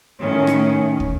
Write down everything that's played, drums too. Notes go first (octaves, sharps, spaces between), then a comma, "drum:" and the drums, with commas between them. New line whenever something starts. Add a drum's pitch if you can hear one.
A2 D#3 C#4
drum: rim click
drum: kick